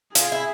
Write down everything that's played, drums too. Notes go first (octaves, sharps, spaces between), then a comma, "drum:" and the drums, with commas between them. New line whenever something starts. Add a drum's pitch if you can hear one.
F4 G#4, drum: hi-hat
E4